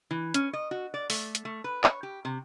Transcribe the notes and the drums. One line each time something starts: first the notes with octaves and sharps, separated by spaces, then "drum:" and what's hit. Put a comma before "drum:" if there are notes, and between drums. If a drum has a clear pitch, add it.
E3
C#4, drum: hi-hat
D#5
F#4
D5
A3, drum: open hi-hat
drum: hi-hat
A3
B4
C#5, drum: clap
G4
C3